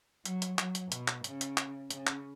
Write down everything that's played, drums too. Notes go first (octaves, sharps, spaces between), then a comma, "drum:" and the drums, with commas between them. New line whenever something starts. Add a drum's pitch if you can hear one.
F#3, drum: hi-hat
drum: hi-hat
F#3, drum: clap
drum: hi-hat
B2, drum: hi-hat
drum: clap
C#3, drum: hi-hat
drum: hi-hat
drum: clap
C#3, drum: hi-hat
drum: clap